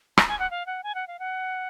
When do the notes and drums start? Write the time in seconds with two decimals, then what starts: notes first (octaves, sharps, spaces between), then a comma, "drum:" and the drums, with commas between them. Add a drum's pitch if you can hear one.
0.17 A#5, drum: rim click
0.28 G#5
0.39 F#5
0.51 F5
0.67 F#5
0.84 G#5
0.95 F#5
1.08 F5
1.19 F#5